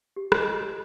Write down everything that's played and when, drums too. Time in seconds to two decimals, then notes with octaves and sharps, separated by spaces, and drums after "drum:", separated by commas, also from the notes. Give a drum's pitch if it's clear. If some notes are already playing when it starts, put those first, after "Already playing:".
0.16 G4
0.32 D#5, drum: rim click